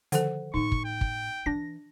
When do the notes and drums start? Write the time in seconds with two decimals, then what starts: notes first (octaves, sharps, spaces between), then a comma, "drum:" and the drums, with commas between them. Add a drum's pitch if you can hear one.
0.12 D3 D#3 F3 A4 C5 F#5, drum: hi-hat
0.54 A2 B3 D#4 C#6
0.72 drum: kick
0.85 G5
1.01 drum: kick
1.46 E3 D4 A#6